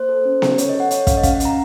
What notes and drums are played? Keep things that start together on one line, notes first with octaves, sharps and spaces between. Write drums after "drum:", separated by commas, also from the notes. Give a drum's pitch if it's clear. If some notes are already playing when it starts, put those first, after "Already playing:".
Already playing: A#3 C5
A4
C#4
C#4, drum: snare B3
A4 C#5, drum: hi-hat
D#5
A4
F#5
A4 C#5, drum: hi-hat
C#4 F5, drum: kick, hi-hat
D#5
C#4 F5, drum: kick, hi-hat
F#5
C#4, drum: hi-hat
A#5